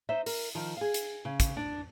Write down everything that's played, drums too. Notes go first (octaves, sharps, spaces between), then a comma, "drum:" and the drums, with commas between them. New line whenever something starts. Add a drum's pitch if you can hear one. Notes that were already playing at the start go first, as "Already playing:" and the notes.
D#4 C5 E5
A#4, drum: open hi-hat
D#3 F3
G#4 F5
drum: hi-hat
C#3
drum: kick, hi-hat
D4